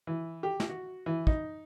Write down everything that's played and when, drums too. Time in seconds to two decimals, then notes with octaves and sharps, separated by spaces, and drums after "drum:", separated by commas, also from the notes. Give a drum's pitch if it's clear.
0.07 E3
0.43 G4
0.60 drum: snare
0.69 F#4
1.06 E3
1.27 D#4, drum: kick